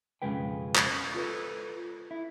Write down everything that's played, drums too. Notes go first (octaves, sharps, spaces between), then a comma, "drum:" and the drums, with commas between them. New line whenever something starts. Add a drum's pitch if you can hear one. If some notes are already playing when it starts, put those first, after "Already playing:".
B1 F2 C#3 G#3 B4 G5
drum: clap
F4 A4 B4
E4